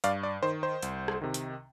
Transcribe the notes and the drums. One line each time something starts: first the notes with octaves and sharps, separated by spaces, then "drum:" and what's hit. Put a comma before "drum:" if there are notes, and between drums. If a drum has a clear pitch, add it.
G2 D5 F5, drum: hi-hat
D5
D#3 C5
C5
C2, drum: hi-hat
drum: rim click
C3 D#3
drum: hi-hat